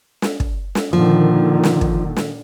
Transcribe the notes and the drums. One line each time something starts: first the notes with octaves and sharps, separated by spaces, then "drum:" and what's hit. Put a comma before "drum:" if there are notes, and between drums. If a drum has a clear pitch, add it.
drum: snare
drum: kick
drum: snare
A#2 D3 D#3 F3
drum: snare
drum: kick
drum: snare